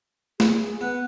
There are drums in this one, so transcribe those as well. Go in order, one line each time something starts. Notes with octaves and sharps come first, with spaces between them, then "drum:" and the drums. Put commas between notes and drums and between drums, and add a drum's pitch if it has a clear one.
G#4, drum: snare
B3 F#6